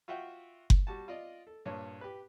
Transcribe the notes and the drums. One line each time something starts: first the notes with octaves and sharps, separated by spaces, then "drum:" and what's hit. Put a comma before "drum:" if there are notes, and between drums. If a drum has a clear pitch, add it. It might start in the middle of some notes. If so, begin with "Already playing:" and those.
F4 F#4 E5 F#5 G5
drum: kick F#1
G3 F#4 A5
F4 D5 D#5
A4
G2 A#2 C#5
G4 B4